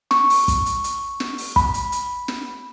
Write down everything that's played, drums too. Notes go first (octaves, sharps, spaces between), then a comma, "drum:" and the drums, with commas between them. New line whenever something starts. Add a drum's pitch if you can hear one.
C#6, drum: snare
drum: open hi-hat
drum: kick, hi-hat
drum: hi-hat
drum: hi-hat
drum: snare
drum: open hi-hat
B5, drum: kick
drum: hi-hat
drum: hi-hat
drum: snare